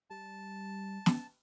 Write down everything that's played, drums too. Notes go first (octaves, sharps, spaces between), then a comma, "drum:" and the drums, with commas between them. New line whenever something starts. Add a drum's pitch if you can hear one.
G3 A5
drum: snare